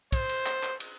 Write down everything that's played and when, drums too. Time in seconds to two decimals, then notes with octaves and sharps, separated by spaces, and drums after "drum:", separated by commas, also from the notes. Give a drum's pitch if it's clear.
0.12 C5, drum: kick, cymbal
0.29 drum: cymbal
0.46 drum: clap
0.63 drum: clap
0.80 drum: cymbal